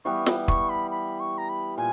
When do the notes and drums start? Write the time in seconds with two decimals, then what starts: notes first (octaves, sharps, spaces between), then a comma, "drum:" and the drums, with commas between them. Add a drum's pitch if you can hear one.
0.05 E3 G3 B3 C#6
0.26 drum: snare
0.48 C#6, drum: kick
0.70 B5
0.91 B5
1.20 C#6
1.38 A#5
1.49 B5
1.78 A#2 G#5